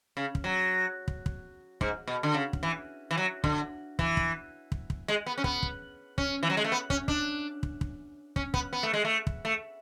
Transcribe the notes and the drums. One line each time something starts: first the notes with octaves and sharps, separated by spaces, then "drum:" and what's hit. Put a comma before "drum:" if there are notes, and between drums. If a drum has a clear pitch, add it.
C#3
drum: kick
F#3
drum: kick
drum: kick
G#2, drum: kick
B2
D3
C#3
drum: kick
E3
E3
F#3
D3, drum: kick
E3, drum: kick
drum: kick
drum: kick
drum: kick
G#3
B3
C#4
B3, drum: kick
drum: kick
C#4, drum: kick
E3
F#3
G#3
A3
B3
C#4, drum: kick
D4, drum: kick
drum: kick
drum: kick
C#4, drum: kick
B3, drum: kick
B3
A3
G#3
A3
drum: kick
A3